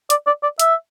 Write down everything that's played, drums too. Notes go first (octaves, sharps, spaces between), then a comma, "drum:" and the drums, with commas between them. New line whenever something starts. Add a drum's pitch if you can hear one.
D5, drum: hi-hat
D5
D5
E5, drum: hi-hat